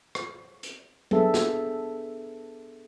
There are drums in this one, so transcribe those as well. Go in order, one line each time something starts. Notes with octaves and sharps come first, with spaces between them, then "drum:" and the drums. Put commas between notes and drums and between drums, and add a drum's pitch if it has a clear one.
drum: rim click
drum: hi-hat
B3 D4 G#4 A4 E5, drum: tom F#3
drum: snare